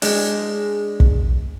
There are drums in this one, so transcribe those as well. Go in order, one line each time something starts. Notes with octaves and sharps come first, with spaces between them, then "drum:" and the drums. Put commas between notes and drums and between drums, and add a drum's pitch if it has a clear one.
G#3 D4, drum: open hi-hat
drum: kick